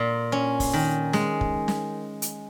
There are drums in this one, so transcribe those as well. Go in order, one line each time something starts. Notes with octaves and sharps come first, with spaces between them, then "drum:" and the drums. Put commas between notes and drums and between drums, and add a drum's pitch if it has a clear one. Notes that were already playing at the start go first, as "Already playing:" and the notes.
Already playing: A#2
C#4
drum: kick, open hi-hat
D#3
G#3, drum: snare
drum: kick
drum: snare
drum: hi-hat